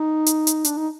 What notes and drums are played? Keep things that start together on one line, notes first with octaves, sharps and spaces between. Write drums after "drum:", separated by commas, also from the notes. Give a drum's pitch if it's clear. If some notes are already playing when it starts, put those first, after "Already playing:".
Already playing: D#4
drum: hi-hat
drum: hi-hat
D4, drum: hi-hat
D#4